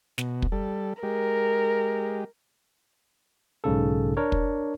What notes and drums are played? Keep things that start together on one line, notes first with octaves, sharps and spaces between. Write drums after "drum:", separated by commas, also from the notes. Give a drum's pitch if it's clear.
B2, drum: snare
drum: kick
G3 A4
G#3 G4 A#4
B1 G#2 C#3 A4
D4 A#4 C#5
drum: kick